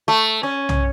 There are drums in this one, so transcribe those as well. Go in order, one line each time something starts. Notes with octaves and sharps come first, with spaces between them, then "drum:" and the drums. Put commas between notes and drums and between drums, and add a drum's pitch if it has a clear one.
A3
C#4
drum: tom